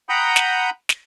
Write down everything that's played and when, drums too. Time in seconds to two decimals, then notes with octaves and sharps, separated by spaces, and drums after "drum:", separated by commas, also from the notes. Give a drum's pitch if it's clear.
0.09 F#5 G5 A#5 B5 D#6 G6
0.36 drum: snare
0.89 drum: snare